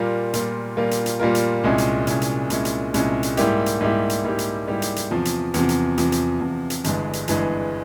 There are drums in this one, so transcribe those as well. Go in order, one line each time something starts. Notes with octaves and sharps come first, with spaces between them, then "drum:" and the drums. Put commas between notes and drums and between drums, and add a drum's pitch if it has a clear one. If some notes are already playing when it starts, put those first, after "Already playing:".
Already playing: A#2 G3 A#3 F4 A#4
A#2 G3 A#3 F4 A#4, drum: hi-hat
A#2 G3 A#3 F4 A#4
drum: hi-hat
drum: hi-hat
A#2 G3 A#3 F4 A#4
drum: hi-hat
C2 A#2 G#3 C#4 E4
drum: hi-hat
C2 A#2 G#3 C#4 E4, drum: hi-hat
drum: hi-hat
C2 A#2 G#3 C#4 E4, drum: hi-hat
drum: hi-hat
C2 A#2 G#3 C#4 E4, drum: hi-hat
drum: hi-hat
G#2 G3 A#3 E4 G4, drum: hi-hat
drum: hi-hat
G#2 G3 A#3 E4 G4
drum: hi-hat
G#2 G3 A#3 E4 G4
drum: hi-hat
G#2 G3 A#3 E4 G4
drum: hi-hat
drum: hi-hat
E2 C3 F3
drum: hi-hat
E2 C3 F3, drum: hi-hat
drum: hi-hat
E2 C3 F3, drum: hi-hat
drum: hi-hat
E2 C3 F3
drum: hi-hat
G1 G2 E3 G#3, drum: hi-hat
drum: hi-hat
G1 G2 E3 G#3, drum: hi-hat